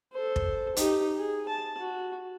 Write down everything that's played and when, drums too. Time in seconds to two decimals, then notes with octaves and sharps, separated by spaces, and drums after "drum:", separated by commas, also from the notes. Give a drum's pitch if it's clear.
0.13 A4 C5
0.36 drum: kick
0.76 D#4 G4, drum: hi-hat
1.18 G#4
1.48 A5
1.78 F#4